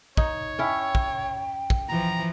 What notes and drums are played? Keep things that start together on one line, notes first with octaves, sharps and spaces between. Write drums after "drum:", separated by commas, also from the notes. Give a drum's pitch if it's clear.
D#4 C#5, drum: kick
C#4 E4 G5
drum: kick
drum: kick
E3 F3 A#5